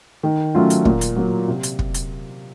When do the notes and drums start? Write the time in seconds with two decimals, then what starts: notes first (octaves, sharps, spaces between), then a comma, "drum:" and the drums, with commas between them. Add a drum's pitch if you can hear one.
0.23 D#3
0.55 F#3 A3 C#4 F4
0.70 drum: hi-hat
0.85 A#2, drum: kick
1.01 drum: hi-hat
1.16 F#3 A#3
1.48 C3
1.63 drum: hi-hat
1.79 drum: kick
1.94 drum: hi-hat